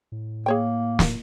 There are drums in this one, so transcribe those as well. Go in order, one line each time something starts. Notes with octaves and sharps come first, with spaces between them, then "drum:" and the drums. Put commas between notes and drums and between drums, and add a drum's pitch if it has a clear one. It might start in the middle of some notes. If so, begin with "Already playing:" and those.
A2
A#3 G#4 C#5 G5
drum: snare